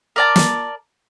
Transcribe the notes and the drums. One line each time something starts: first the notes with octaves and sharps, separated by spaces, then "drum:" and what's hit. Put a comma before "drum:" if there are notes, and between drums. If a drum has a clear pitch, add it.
A#4 D5 A5
drum: snare